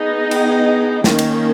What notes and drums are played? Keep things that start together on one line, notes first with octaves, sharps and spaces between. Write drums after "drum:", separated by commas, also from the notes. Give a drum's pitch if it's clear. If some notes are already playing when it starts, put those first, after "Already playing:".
Already playing: B3 D#4 G#4 D#5
drum: cymbal
D#3 A#3 C#4, drum: snare
drum: cymbal